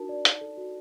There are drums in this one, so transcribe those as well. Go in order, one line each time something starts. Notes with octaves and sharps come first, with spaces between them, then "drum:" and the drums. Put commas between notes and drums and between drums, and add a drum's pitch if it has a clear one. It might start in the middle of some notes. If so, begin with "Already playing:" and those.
Already playing: D4 D#4 F#4 A#4 A5
D5
D#4, drum: hi-hat
A4
F#4